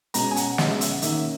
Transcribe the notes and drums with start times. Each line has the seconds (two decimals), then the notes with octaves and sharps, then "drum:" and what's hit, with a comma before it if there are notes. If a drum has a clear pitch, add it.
0.14 B2 G#3 C#4 A#5, drum: hi-hat
0.31 G#5
0.36 F#5, drum: hi-hat
0.58 B2 G#3 C#4 D#5, drum: snare
0.70 E5
0.81 E5, drum: hi-hat
0.91 F#5
1.02 D#3 A#3 C#4 E5, drum: hi-hat